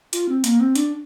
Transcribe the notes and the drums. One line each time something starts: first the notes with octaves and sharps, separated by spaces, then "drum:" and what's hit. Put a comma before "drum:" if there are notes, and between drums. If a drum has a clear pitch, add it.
F4, drum: hi-hat
C4
A#3, drum: hi-hat
C4
D4, drum: hi-hat